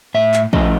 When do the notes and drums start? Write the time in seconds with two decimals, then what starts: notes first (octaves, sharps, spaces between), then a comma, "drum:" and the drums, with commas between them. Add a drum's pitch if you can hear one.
0.14 A2 E5
0.34 drum: clap
0.53 F3 A3 C#4 E4 D#5, drum: kick